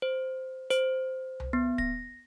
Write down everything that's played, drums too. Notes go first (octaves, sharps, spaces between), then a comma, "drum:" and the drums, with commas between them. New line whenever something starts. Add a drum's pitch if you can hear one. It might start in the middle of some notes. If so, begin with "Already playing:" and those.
C5
C5, drum: hi-hat
drum: tom C2
B3
A#6, drum: kick